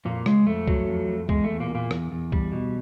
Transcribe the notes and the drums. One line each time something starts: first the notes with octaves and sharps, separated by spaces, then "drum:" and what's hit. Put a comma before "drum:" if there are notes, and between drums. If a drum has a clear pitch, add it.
F2 A#2 A#3
C#3 G#3, drum: rim click
F2 A3
F#3, drum: kick C2
F2
F2
E2 G#3, drum: kick C2
A3
E2
A#2 A#3
B2
A#2 A#3
E2, drum: rim click
E2
G3, drum: kick C2
B2